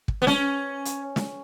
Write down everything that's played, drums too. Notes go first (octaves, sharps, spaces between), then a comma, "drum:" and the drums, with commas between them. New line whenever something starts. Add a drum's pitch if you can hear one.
drum: kick
B3
C#4, drum: snare
drum: hi-hat
drum: snare